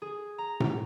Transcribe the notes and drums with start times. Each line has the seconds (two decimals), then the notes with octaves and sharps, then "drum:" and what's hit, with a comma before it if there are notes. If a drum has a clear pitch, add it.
0.02 G#4
0.38 A#5
0.60 drum: tom A2